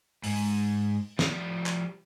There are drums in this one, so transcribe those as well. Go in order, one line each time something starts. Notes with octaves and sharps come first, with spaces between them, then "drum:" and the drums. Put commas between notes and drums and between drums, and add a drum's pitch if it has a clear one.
G#2, drum: open hi-hat
F3 G3, drum: snare
drum: clap